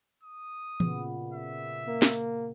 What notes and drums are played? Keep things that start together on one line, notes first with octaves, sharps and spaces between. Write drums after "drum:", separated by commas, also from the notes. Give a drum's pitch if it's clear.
D#6
A#2 C#3 B3, drum: tom E3
E5
A#3
drum: snare